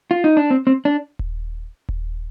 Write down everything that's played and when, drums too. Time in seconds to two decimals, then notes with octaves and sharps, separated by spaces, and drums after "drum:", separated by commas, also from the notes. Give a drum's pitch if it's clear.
0.11 F4
0.24 D#4
0.37 D4
0.51 C4
0.67 C4
0.85 D4
1.19 drum: kick D#1
1.89 drum: kick D#1